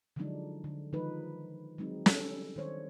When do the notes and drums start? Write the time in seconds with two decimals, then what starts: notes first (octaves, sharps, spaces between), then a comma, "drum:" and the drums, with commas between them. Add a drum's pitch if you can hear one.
0.16 D3 F3 F#3 G#3 D4 D#4
0.64 D3
0.93 D#3 F3 G#3 D#4 B4
1.78 F#3 G#3 C4 D#4
2.06 G3 C#4 A4, drum: snare
2.56 D#3 D4 C5 C#5